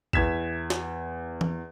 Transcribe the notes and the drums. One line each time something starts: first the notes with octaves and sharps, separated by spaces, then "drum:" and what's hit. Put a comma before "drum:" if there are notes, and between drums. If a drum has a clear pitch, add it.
E2 G#6 B6 E7, drum: kick A1
drum: snare
drum: tom E3